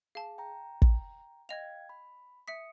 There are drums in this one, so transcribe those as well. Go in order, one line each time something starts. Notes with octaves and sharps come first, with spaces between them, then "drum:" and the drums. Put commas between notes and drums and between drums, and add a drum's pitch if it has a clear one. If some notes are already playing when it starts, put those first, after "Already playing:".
G#4 F5 A5
G5 A#5
drum: kick
D#5 F5 G5 G#6 F7
B5
E5 D#6 B6 C#7